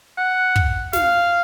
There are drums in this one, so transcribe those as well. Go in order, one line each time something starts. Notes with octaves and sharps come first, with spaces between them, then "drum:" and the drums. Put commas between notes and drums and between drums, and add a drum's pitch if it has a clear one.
F#5
drum: kick
F5, drum: snare